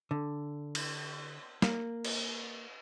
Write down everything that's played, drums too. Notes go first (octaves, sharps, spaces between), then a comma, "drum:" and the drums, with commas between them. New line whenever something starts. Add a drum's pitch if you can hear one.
D3
drum: cymbal
A#3, drum: snare
drum: cymbal